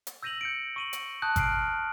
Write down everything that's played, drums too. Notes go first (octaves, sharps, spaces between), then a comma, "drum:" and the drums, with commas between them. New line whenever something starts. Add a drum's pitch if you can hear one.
drum: hi-hat
E6 G6 A#6 D#7 F7 F#7
G6 C#7 D7
C#6 D#7 F#7
drum: hi-hat
A5 D#6 F#6 G6
F6 C7 D7, drum: kick G#1, hi-hat